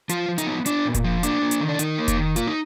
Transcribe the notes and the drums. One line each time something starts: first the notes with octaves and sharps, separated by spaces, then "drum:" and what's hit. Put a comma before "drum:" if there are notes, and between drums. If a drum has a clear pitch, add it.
F3 F4, drum: hi-hat
F3
D#4, drum: hi-hat
B3
B3 D4, drum: hi-hat
A#2
drum: kick F1, hi-hat
F3
A#3 D4, drum: hi-hat
A#3
drum: hi-hat
D#3
D4
D#3 D#4, drum: hi-hat
A#3
drum: kick F1, hi-hat
D#3
A#3 F4, drum: hi-hat
D#4